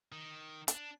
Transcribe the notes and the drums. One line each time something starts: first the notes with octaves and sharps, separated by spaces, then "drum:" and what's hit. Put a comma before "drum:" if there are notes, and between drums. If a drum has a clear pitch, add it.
D#3
D4, drum: hi-hat